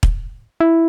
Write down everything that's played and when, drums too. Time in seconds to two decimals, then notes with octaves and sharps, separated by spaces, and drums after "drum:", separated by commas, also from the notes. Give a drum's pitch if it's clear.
0.03 drum: kick
0.60 E4